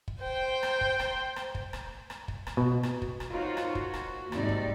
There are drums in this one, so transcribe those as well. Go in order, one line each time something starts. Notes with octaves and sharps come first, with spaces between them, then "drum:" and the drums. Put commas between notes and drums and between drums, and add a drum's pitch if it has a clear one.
drum: kick
C5 G5
drum: rim click
drum: kick
drum: rim click
drum: rim click
drum: kick
drum: rim click
drum: rim click
drum: kick
drum: rim click
B2
drum: rim click
drum: kick
drum: rim click
D#4 F4 F#4 A#4 C5 C#5
drum: rim click
F#4, drum: kick
drum: rim click
D#2 G#2 C3 G3 D#4 D5, drum: rim click
drum: kick